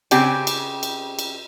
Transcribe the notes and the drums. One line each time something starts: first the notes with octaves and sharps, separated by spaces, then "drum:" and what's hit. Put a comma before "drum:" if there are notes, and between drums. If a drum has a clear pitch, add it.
C#3 C4 G4 G5 G#5, drum: cymbal
drum: cymbal
drum: cymbal
drum: cymbal